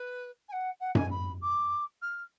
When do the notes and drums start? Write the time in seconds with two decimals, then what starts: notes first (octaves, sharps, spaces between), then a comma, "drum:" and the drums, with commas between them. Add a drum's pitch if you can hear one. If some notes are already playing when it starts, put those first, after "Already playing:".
Already playing: B4
0.48 G#5
0.52 F#5
0.79 F#5
0.95 G#5, drum: tom F#2
1.10 B5
1.41 D6
2.01 F6